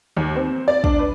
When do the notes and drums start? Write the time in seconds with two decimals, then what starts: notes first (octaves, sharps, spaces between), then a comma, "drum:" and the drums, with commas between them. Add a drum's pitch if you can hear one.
0.17 D#2
0.36 C4
0.68 D5
0.84 D4, drum: kick
0.99 B4